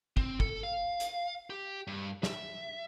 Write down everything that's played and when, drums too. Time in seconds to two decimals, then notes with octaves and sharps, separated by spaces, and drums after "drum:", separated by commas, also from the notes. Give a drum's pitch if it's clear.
0.17 C4, drum: kick
0.40 A4, drum: kick
0.63 F5
1.00 drum: hi-hat
1.50 G4
1.87 G2
2.23 E5, drum: snare